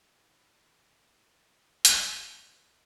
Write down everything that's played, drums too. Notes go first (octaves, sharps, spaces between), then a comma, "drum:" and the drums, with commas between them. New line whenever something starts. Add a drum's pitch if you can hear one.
A1 D#3 E3 F4 B4
A#2
drum: hi-hat